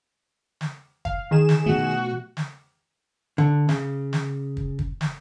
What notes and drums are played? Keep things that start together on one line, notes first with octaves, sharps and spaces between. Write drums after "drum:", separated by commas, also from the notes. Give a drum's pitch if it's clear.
drum: snare
F5, drum: kick
D#3 G#4 E7
drum: snare
B2 F3 A3 F#4
drum: snare
D3
C#3, drum: snare
drum: snare
drum: kick
drum: kick
drum: snare